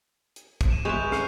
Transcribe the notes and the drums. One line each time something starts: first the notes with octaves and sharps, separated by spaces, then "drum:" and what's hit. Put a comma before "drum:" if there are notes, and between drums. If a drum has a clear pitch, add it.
drum: hi-hat
drum: kick, hi-hat
D#7 E7
G#3 B4 E5 C#6 G6 F7
F6 C7 C#7, drum: snare